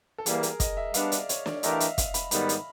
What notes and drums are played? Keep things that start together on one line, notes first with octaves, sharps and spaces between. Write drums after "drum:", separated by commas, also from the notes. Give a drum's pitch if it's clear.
A4
E3 G3 A#3 G#4, drum: hi-hat
A#4, drum: hi-hat
D#5, drum: kick, hi-hat
E5
G3 B3 D4 F5, drum: hi-hat
D5, drum: hi-hat
C#5, drum: hi-hat
D5, drum: snare
E3 A3 D4 G4 A#4 D#5, drum: hi-hat
F5
E5, drum: hi-hat
F5, drum: kick, hi-hat
B5, drum: hi-hat
G#2 D#3 G3 B3 B5, drum: hi-hat
drum: hi-hat